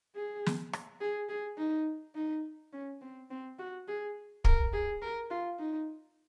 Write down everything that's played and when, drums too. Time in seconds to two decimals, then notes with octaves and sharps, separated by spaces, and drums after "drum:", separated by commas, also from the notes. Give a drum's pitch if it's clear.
0.15 G#4
0.46 drum: snare
0.73 drum: rim click
1.01 G#4
1.29 G#4
1.58 D#4
2.15 D#4
2.73 C#4
3.02 C4
3.30 C4
3.59 F#4
3.88 G#4
4.45 A#4, drum: kick
4.73 G#4
5.02 A#4
5.30 F4
5.59 D#4